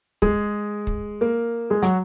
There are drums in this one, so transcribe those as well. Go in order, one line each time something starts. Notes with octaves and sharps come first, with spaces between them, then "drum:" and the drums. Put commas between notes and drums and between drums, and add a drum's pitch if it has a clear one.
G#3 G#4, drum: kick
drum: kick
A#3 A#4
G#3 G#4
F#3 F#4, drum: hi-hat